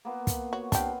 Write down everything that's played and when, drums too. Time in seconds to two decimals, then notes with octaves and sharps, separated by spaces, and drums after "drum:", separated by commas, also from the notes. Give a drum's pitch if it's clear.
0.05 A#3 B3 F4
0.27 drum: kick, hi-hat
0.53 F#4 C#5
0.72 B3 C4 D4 G4 F5, drum: kick, hi-hat